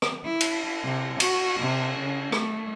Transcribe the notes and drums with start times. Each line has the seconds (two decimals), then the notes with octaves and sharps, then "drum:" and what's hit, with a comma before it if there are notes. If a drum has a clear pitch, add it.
0.02 drum: rim click
0.25 E4
0.41 drum: cymbal
0.84 C3
1.20 F#4, drum: cymbal
1.61 C3
1.99 C#3
2.32 A3, drum: rim click